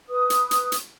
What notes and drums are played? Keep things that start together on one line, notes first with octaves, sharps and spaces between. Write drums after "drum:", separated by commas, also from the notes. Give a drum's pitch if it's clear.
B4 D#6
drum: hi-hat
drum: hi-hat
drum: hi-hat